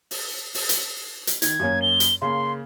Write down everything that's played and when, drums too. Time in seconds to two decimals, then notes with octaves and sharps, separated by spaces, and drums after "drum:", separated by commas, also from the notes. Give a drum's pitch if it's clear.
0.11 drum: open hi-hat
0.54 drum: open hi-hat
0.69 drum: hi-hat
1.27 drum: hi-hat
1.42 D#3 G#6, drum: hi-hat
1.60 F#2 A#3 C#4
1.82 G7
2.00 drum: hi-hat
2.22 C#3 A#3 C6